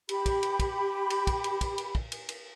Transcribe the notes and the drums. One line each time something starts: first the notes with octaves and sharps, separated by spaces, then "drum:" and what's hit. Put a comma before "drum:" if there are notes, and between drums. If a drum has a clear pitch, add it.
G4 B5, drum: cymbal
drum: kick, cymbal
drum: cymbal
drum: kick, cymbal
drum: cymbal
drum: kick, cymbal
drum: cymbal
drum: kick, cymbal
drum: cymbal
drum: kick
drum: cymbal
drum: cymbal